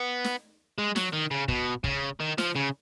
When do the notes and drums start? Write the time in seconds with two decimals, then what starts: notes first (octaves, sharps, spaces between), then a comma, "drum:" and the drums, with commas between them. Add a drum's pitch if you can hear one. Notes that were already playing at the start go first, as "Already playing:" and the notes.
Already playing: B3
0.24 drum: snare
0.78 G#3
0.96 F#3, drum: snare
1.13 D#3
1.31 C#3
1.48 B2, drum: kick
1.84 C#3, drum: kick
2.20 D#3
2.38 F3, drum: snare
2.56 C#3